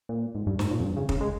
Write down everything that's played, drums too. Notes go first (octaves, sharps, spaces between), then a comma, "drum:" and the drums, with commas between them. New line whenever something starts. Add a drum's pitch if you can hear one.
A#2
G#2
G2
G#2, drum: snare
A#2
F2
G2
C#3
C#3, drum: kick
G#3